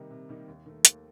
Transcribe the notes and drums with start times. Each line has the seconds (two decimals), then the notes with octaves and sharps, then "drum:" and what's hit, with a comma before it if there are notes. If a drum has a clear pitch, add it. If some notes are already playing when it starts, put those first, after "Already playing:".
Already playing: C3 D#3 G3 A#3 D#4
0.11 C3
0.29 D#3 G3 A#3 D#4
0.48 D#2
0.66 D#3 A3
0.85 D#2, drum: hi-hat